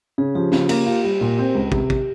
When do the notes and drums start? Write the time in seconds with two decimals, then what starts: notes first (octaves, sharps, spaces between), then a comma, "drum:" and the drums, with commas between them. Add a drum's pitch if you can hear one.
0.18 C#3 G#4
0.35 F3 G4
0.52 C#3 F4, drum: snare
0.69 A#3, drum: cymbal
0.86 F4 G4
1.04 G3
1.20 A#2 A#4
1.39 C4
1.55 C#2
1.72 C3, drum: kick
1.90 G4, drum: kick